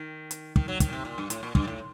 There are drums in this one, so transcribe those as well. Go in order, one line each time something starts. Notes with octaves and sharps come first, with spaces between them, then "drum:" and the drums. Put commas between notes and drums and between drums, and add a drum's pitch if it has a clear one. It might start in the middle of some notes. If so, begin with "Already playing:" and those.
Already playing: D#3
drum: hi-hat
D#3, drum: kick
F#3
D#3, drum: kick, hi-hat
A#2
C3
A#2
G2
A2, drum: hi-hat
A#2
G2, drum: kick
A2